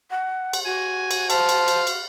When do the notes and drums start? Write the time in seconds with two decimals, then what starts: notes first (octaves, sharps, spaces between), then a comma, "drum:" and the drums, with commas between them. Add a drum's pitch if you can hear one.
0.10 F#5
0.53 drum: cymbal
0.65 F#4 G#5
1.11 drum: cymbal
1.30 C5 F5 A5, drum: cymbal
1.49 drum: cymbal
1.68 drum: cymbal
1.87 drum: cymbal